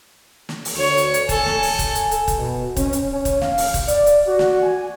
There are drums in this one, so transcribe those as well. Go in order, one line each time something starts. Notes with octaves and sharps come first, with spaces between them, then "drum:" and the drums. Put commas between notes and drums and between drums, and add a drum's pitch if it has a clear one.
drum: snare
drum: open hi-hat
D2 C#5
drum: hi-hat
drum: hi-hat
A4 G#5, drum: kick, hi-hat
drum: snare
drum: open hi-hat
drum: kick, hi-hat
drum: hi-hat
drum: hi-hat
drum: kick, hi-hat
B2
C#4, drum: kick, hi-hat
drum: hi-hat
C#4
drum: kick, hi-hat
F5, drum: snare
drum: open hi-hat
drum: kick, hi-hat
D5, drum: hi-hat
drum: hi-hat
F#4
drum: snare
G#5